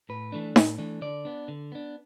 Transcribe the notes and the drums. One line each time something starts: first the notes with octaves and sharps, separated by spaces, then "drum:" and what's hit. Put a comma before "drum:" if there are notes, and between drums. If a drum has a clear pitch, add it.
A2 B4
E3 A3 D4
A2, drum: snare D#4
E3 A3 D4
D3 D5
B3 D4
D3
B3 D4